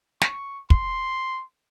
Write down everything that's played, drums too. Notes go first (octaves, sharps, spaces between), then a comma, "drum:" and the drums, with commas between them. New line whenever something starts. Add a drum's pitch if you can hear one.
C#6, drum: snare
C6, drum: kick